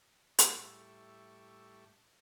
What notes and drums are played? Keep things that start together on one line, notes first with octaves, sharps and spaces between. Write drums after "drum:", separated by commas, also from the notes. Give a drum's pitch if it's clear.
A2 G3 A4 E5 C#6, drum: hi-hat